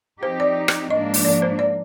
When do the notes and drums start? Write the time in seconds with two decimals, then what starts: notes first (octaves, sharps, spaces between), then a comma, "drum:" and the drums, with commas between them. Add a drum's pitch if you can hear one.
0.23 F3 C4 D#4 G4 C5
0.40 D5
0.68 drum: rim click
0.90 G#2 F3 A#3 D4 D#5
1.14 drum: open hi-hat
1.25 D5
1.42 C5
1.59 D5